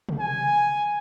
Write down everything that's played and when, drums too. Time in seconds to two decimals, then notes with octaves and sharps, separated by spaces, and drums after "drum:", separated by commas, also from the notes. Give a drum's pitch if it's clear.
0.09 drum: tom C3
0.20 G#5